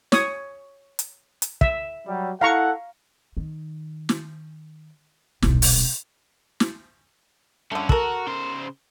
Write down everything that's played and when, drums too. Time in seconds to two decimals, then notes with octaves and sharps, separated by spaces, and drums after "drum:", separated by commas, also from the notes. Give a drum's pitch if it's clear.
0.12 C#5 D#6, drum: snare
0.99 drum: hi-hat
1.42 drum: hi-hat
1.61 E5, drum: kick
2.07 F#3 G3
2.41 E4 A4 F5 F#5 A#5 C#6
3.37 D#3
4.09 drum: snare
5.42 D#1 B1, drum: snare
5.62 drum: open hi-hat
6.60 drum: snare
7.71 G2 D3 A3 C#4
7.89 F#4 A4 A#4, drum: kick
8.27 C#3 C5